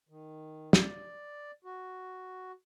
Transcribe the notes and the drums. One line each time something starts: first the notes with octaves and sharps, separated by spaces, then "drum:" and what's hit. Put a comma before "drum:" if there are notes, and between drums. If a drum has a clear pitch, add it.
D#3
D5, drum: snare
F#4